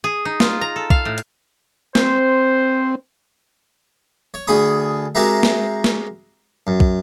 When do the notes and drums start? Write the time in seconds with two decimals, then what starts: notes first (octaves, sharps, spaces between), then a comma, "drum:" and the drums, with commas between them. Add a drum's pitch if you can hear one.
0.04 G#4
0.25 D#4
0.40 F4, drum: snare
0.61 A#5
0.76 A4
0.90 F5, drum: kick
1.05 A2
1.18 drum: hi-hat
1.95 C4 C5, drum: snare
4.34 C#5
4.47 D2 G#4 B5 C#6 D#6
5.15 G#3 C4 F#4 G4 A#4 E5
5.43 drum: snare
5.84 drum: snare
6.67 F#2
6.80 drum: kick